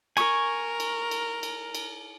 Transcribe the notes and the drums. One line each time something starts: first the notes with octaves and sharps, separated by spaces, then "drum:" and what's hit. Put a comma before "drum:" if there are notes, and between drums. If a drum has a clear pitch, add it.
A#4 G#5 C#6, drum: cymbal
drum: cymbal
drum: cymbal
drum: cymbal
drum: cymbal